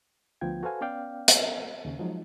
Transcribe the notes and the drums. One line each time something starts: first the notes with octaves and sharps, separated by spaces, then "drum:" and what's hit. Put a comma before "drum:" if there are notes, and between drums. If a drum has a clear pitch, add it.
D2 F3 B3 F4 G5 G#6
F#4 A4 B4 C5 F5 G#5
B3 C#4 D5 F5 G5
drum: hi-hat
D#2 C#3 C#4
F3 F#3 G#3 D#4